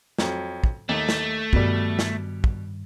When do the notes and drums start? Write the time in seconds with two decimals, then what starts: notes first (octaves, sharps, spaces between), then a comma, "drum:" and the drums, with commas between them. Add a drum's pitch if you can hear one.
0.18 F2 F#3, drum: snare
0.64 drum: kick
0.89 D#2 A3
1.09 drum: snare
1.53 G2 B2 D#3 G3, drum: kick
1.99 drum: snare
2.44 drum: kick